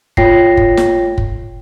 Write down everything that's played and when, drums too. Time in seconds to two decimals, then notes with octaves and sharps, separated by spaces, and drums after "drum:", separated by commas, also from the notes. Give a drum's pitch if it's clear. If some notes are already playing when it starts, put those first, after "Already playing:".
0.17 A3 F4 C#5 G5 A#6 C7, drum: kick
0.57 drum: kick
0.77 drum: snare
1.18 drum: kick